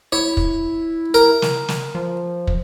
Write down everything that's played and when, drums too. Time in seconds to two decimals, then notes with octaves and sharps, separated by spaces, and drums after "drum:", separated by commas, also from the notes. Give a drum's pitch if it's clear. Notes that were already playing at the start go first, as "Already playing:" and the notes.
0.12 E4 C#5
0.37 drum: kick
1.14 A#4
1.42 drum: snare
1.68 drum: snare
1.95 F3
2.47 drum: kick